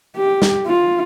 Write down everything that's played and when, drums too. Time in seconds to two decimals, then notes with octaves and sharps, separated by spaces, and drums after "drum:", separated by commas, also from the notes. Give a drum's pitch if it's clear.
0.17 G4
0.42 drum: snare
0.67 F4